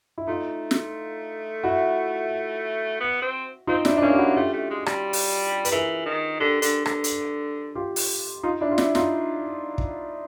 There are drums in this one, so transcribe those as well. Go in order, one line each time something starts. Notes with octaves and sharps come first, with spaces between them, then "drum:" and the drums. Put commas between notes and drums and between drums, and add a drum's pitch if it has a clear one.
E4
A3 D#4 F4
drum: snare
E4 F#4
B3
C4
C4 D#4 F4
D4 E4, drum: snare
D4
A#3 C#4 D#4
G4
E4 F#4
A3 F4 G4
A3
G#3
G3, drum: rim click
drum: open hi-hat
B4, drum: hi-hat
E3 G#4 A#4
D#3
D3 G4 A4
D3, drum: hi-hat
D3, drum: rim click
drum: hi-hat
F4 G4
drum: open hi-hat
D#4 F4
D4 E4
F4
D4 E4, drum: snare
D#4 F4, drum: snare
drum: kick